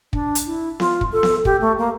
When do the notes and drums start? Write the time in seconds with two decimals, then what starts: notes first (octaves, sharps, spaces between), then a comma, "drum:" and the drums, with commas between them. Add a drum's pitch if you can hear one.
0.13 D4, drum: kick
0.35 drum: hi-hat
0.46 E4
0.80 F4, drum: snare B3
1.01 drum: kick
1.12 A4
1.23 drum: snare B3
1.45 G4, drum: kick
1.61 A3
1.78 A#3